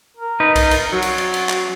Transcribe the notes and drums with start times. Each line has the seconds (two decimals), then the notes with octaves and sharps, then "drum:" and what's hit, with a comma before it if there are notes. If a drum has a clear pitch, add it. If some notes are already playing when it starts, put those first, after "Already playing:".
0.17 A#4
0.40 D#4 B4
0.56 drum: kick B1, cymbal
0.71 drum: cymbal
0.93 F#3 F#4
1.02 drum: cymbal
1.18 drum: cymbal
1.34 drum: cymbal
1.49 drum: clap